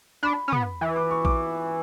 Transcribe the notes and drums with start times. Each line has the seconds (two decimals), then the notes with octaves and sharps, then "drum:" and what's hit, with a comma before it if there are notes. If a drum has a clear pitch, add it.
0.23 D4 B5
0.48 C#4
0.52 B3, drum: tom
0.81 E3
0.96 D6
1.11 C#6
1.25 D6, drum: kick A#1